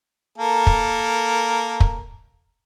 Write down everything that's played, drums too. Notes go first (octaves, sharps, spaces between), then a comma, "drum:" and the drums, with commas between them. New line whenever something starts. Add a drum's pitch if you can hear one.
A#3 A4 A#4
drum: kick
drum: kick